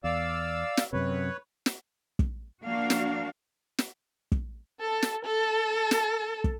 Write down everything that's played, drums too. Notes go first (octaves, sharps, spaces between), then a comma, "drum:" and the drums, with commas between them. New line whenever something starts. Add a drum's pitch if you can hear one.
E2 D5 F5 E6
drum: snare
F#2 C3 B4 C#5
drum: snare
drum: kick
F3 A#3 D4 F#4 F5
drum: snare
drum: snare
drum: kick
A4
drum: snare
A4
drum: snare
drum: kick